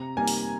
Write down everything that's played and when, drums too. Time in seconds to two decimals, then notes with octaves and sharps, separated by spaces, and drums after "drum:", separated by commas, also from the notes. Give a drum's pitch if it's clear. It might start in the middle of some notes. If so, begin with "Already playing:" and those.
Already playing: C3 A#5
0.17 D#3 G3 A#3 G#5
0.28 drum: open hi-hat